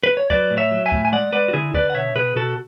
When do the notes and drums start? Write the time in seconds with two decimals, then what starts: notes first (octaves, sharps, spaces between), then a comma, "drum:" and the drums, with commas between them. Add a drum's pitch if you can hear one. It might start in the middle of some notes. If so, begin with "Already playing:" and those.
0.03 B4
0.17 C#5
0.30 F#3 B4 D5, drum: kick C#2
0.50 A2
0.57 C#5 E5
0.71 F#3
0.86 E5 G#5
0.92 A2, drum: kick C#2
1.05 G#5
1.12 G#3 D5 F#5
1.33 G#3 B4 D5
1.48 F#4
1.53 D3 E4 G#4
1.74 D3 B4 D5, drum: kick C#2
1.90 F#5
1.94 B2 C#5 E5
2.15 B2 G#4 B4
2.36 B2 F#4 A4